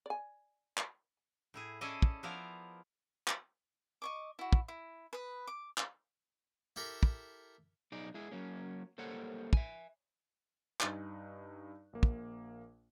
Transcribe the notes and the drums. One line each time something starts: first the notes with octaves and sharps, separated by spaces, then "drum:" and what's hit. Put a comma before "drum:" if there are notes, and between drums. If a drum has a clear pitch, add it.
D5 G#5
drum: clap
A2 E4 G#4
C#4 E4 G#4 A4 D5 D#5
drum: kick
F3 B3 E4 A#4 D5 F5
drum: clap
D#5 C#6 D6
E4 F#4
drum: kick
E4
B4 D#6
D6
drum: clap
E4 G4 A4 A#4 A#5
drum: kick
B1 D#4 G#4 D5
G#3 E4 G#4
F#3 A#3 C#4
G3 A#3 A4 C5 C#5 F#5
E5 G#5, drum: kick
G2 D#4 G#5 F#6, drum: clap
A#1 A#3
drum: kick